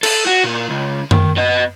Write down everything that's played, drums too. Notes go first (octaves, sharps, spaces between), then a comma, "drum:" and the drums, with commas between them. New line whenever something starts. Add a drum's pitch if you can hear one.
A4, drum: cymbal
F#4
A#2
C#2
D#3, drum: tom F#2
B3 D#5